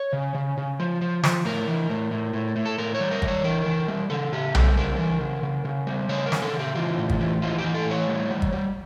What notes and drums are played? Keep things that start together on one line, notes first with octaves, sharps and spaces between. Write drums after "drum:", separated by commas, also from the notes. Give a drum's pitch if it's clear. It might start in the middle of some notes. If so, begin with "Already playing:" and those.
Already playing: C#5
C#3
C#3
C#3
F3
F3
F3, drum: snare
A2 A#4
E3
A2
A2
A2
A2
A4
A2 A#4
C#5
G3
A#4
G3, drum: kick
C#5
E3 A#4
E3
G3
C#3 A4
C#3 G4
G3 A4, drum: tom B1
C#3 A#4
E3
C#3
C#3
C#3
G3
C#3 C#5
A#4
C#3, drum: snare
A4
C#3
G4
E3 F4
A2
drum: kick
E3
E3 F4
G4
E3
A4
A2
C#5
G3
G3
drum: kick
G3